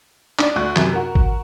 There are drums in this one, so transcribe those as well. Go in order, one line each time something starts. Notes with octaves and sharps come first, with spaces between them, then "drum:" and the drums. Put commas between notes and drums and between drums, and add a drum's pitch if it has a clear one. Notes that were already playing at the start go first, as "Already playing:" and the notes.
D4 D5, drum: clap
D2 C#6 F#6
F#2 C3, drum: clap
F#4 A#4
drum: kick G#1